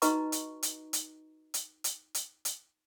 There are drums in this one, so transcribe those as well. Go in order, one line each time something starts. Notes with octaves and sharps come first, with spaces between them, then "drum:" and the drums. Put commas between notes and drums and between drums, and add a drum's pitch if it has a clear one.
D#4 F#4 B4 D#5 A#5 C#6, drum: hi-hat
drum: hi-hat
drum: hi-hat
drum: hi-hat
drum: hi-hat
drum: hi-hat
drum: hi-hat
drum: hi-hat